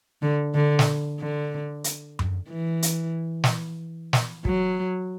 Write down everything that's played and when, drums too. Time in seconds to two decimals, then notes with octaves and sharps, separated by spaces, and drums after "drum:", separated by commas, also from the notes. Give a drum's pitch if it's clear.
0.22 D3
0.55 D3
0.79 drum: snare
1.20 D3
1.84 drum: hi-hat
2.19 drum: tom F#2
2.49 E3
2.83 drum: hi-hat
3.44 drum: snare
4.13 drum: snare
4.45 F#3, drum: kick